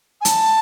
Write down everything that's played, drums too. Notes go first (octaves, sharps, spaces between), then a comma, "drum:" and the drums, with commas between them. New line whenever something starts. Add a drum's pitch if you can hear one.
G#5
A5, drum: hi-hat